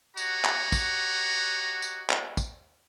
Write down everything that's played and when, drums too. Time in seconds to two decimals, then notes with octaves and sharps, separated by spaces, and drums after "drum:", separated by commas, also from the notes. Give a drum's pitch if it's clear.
0.17 F#4 G4 C#5 D#5 F#5 A#5, drum: tambourine
0.45 drum: clap
0.72 drum: kick, tambourine
1.82 drum: tambourine
2.10 drum: clap
2.37 drum: kick, tambourine